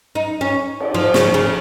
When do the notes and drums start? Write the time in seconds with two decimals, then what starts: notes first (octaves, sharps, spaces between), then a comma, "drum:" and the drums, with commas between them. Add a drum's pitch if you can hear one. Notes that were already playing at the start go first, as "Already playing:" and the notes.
0.15 D#4
0.41 C#4
0.80 drum: cymbal
0.94 F3
1.14 C#3, drum: snare
1.34 C#3